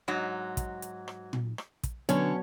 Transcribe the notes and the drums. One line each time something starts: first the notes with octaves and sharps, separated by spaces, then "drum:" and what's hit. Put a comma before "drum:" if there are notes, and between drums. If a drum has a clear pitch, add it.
G#2 F#3 D#4
drum: kick, hi-hat
drum: hi-hat
drum: rim click
drum: tom A#2
drum: rim click
drum: kick, hi-hat
D3 F#3 B3 C#4 C#5, drum: hi-hat